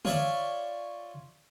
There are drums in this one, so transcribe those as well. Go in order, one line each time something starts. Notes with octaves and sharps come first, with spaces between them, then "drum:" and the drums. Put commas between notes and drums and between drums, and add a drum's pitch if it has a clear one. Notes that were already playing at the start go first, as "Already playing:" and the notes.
F4 C#5 D5 E5, drum: tom D3